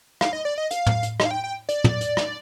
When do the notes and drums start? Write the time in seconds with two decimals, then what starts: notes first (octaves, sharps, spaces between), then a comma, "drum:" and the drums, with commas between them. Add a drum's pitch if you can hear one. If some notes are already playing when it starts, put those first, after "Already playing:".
0.21 F5, drum: rim click
0.33 D#5
0.45 D5
0.58 D#5
0.71 F5, drum: hi-hat
0.86 drum: tom
1.03 drum: hi-hat
1.20 D#5, drum: rim click
1.25 F5
1.31 G5
1.44 G5
1.69 D5, drum: hi-hat
1.84 drum: tom
2.01 drum: hi-hat
2.17 drum: rim click